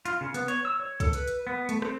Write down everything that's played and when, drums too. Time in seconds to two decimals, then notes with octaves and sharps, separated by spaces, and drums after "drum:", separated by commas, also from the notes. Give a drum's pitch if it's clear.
0.05 F4, drum: hi-hat
0.21 C#3
0.34 B3, drum: hi-hat
0.48 C#5, drum: hi-hat
0.65 E6
0.80 C#5
1.00 A4, drum: kick, hi-hat
1.13 B4, drum: hi-hat
1.27 drum: hi-hat
1.47 B3
1.69 A3, drum: hi-hat
1.82 C4, drum: rim click